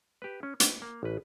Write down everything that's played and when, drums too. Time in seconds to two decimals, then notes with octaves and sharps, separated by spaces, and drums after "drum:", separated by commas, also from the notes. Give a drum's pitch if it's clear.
0.22 G4 B4
0.43 C#4
0.60 B4 D#5, drum: hi-hat
0.82 A#3
1.03 A1 B4